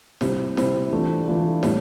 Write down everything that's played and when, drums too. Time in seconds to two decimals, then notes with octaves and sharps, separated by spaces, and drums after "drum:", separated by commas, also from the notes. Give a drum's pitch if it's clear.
0.21 C3 G3 C4 E4, drum: snare
0.57 C3 G3 C4 E4, drum: snare
0.91 E3 A3 D4 F4
1.28 E3 A3 D4 F4
1.63 A2 G3 B3, drum: snare